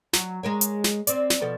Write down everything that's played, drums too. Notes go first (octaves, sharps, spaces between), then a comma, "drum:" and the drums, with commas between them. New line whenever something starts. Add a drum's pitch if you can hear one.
F#3, drum: snare
G#3 A#4 C#5
drum: hi-hat
drum: snare
C4 D5, drum: hi-hat
drum: snare
B2 F3 A4